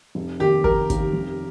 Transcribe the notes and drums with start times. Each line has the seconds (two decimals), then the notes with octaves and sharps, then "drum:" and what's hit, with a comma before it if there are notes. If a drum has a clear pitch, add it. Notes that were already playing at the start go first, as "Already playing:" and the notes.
0.15 F1
0.40 D#2 D#3 G4
0.64 F1 A#4, drum: kick
0.90 D#2 D#3, drum: kick, hi-hat
1.13 F1